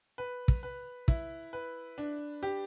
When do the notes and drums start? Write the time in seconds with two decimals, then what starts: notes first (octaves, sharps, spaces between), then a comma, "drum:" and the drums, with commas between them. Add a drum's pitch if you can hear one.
0.18 B4
0.48 drum: kick
0.63 B4
1.08 E4, drum: kick
1.53 B4
1.98 D4
2.43 G4